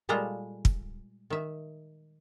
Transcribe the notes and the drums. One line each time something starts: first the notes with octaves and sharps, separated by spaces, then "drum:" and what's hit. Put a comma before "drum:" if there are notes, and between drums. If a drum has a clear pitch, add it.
A#2 G3 G#3 F4 A4 A#5
drum: kick
D#3 E5